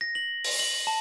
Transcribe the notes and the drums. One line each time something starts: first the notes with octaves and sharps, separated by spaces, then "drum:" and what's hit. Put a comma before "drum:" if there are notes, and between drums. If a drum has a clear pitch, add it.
A#6
F#7
drum: open hi-hat
F#7
A5